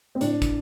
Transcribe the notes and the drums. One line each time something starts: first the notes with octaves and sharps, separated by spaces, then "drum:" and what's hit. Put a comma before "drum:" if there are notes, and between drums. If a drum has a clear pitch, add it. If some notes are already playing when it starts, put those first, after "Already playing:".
C4
A2 D4, drum: hi-hat
drum: kick, hi-hat